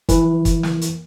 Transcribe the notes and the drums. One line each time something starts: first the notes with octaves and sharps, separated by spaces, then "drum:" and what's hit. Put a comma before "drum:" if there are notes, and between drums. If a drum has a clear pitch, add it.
E3, drum: kick, hi-hat
drum: kick, hi-hat
drum: snare
drum: hi-hat